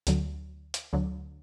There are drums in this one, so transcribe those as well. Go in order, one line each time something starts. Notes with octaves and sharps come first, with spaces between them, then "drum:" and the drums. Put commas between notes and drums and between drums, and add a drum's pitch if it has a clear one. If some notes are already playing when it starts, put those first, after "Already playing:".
D2 D3 F#3, drum: hi-hat
drum: hi-hat
D2 D3 F#3